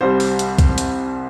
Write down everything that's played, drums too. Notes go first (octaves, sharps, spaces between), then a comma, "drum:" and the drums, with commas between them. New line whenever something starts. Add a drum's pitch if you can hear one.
C2 C3 G3 C5
drum: open hi-hat
drum: hi-hat
drum: kick, hi-hat
drum: hi-hat